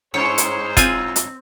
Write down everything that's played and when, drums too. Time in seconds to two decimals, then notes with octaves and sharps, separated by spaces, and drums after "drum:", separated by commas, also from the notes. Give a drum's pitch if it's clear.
0.14 G2 C#4 E4 G#4 C5 C#5
0.38 drum: hi-hat
0.77 C4 F4 G#5 G6, drum: kick, hi-hat
1.16 drum: hi-hat